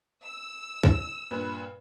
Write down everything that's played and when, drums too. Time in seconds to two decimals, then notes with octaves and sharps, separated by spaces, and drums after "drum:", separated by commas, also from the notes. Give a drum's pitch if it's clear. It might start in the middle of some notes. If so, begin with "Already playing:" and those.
0.23 E6
0.83 drum: kick
1.31 G2 A#2 B4